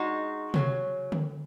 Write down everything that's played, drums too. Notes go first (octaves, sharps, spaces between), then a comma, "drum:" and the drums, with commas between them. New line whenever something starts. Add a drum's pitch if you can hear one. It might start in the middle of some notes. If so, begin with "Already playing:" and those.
Already playing: G#3 D#4 F#4
C#3 F#3 C#4, drum: tom C3
drum: tom D3